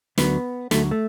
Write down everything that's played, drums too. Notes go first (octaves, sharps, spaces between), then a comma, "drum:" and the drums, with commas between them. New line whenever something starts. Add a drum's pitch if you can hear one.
D2 D3 F#3 B3, drum: snare
D2 D3 F#3 A3, drum: snare
A3